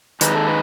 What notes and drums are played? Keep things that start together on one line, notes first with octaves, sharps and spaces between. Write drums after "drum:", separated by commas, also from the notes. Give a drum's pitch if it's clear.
D#3 G#3 D#4 B4, drum: hi-hat
A4
B4